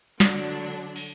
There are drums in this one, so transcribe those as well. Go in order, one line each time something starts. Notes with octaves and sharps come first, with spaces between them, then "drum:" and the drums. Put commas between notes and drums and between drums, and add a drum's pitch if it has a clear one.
D3 F#3 D4, drum: snare
drum: cymbal